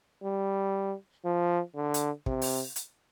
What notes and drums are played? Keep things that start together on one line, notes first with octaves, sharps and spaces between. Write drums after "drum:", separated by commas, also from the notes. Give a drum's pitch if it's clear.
G3
F3
D3
drum: hi-hat
C3, drum: kick
drum: open hi-hat
drum: hi-hat